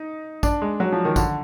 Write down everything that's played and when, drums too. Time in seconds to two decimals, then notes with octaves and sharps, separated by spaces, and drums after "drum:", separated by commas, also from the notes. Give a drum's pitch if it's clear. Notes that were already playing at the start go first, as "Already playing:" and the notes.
Already playing: D#4
0.43 D4, drum: kick, tambourine
0.62 G#3
0.80 F#3
0.92 F3
1.05 D#3
1.16 D3, drum: kick, tambourine